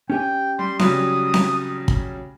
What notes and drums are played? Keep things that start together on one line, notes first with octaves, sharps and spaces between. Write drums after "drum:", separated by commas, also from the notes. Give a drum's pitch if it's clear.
C#4 G4 G5 G#5
G3 C6
C#3 F#3 G3 D#6, drum: snare C4
drum: snare C4
drum: kick